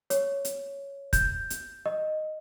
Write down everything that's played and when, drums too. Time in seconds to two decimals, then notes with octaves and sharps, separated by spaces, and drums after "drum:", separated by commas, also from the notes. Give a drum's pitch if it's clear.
0.10 C#5, drum: hi-hat
0.45 drum: hi-hat
1.13 G6, drum: kick, hi-hat
1.50 drum: hi-hat
1.86 D#5